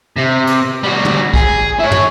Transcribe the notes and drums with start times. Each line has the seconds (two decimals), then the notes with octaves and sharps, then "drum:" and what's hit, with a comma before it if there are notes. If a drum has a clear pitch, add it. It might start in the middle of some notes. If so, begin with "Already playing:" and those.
0.18 C3
0.47 drum: cymbal
0.83 G3 F#4
1.05 drum: tom
1.34 G#4, drum: kick
1.80 E4 C#5
1.91 drum: tom